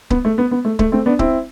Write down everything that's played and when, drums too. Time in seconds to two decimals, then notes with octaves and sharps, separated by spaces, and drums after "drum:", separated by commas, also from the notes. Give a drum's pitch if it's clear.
0.10 B3, drum: kick C#1
0.25 A3
0.38 B3
0.51 B3
0.65 A3
0.79 A3, drum: kick C#1
0.92 A3 C4
1.06 B3 D4
1.19 C4 E4, drum: kick C#1